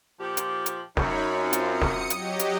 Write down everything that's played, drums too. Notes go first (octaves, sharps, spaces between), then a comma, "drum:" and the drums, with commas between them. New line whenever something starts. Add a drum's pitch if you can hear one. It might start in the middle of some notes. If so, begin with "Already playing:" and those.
A#2 F3 G4
drum: hi-hat
drum: hi-hat
F#2 D#4 C#5 B5, drum: snare
C4 F4
drum: hi-hat
D#6 C#7
drum: snare
F#3 G4 D#5, drum: hi-hat
drum: hi-hat